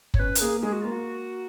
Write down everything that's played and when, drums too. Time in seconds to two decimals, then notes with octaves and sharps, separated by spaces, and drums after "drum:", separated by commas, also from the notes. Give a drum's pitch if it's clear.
0.14 C#5, drum: kick
0.19 C#4 B4
0.35 A#4, drum: hi-hat
0.40 A#3 G#4
0.56 A#3
0.62 G#3 G#4
0.72 F#4
0.81 A#3 F4
0.91 F#4